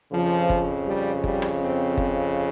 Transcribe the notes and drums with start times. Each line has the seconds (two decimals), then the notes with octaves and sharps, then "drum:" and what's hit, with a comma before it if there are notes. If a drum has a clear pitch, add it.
0.12 F2 C#3 F3
0.50 drum: kick G1
0.87 G3
1.24 G3, drum: kick G1
1.42 drum: rim click
1.61 C4
1.97 drum: kick G1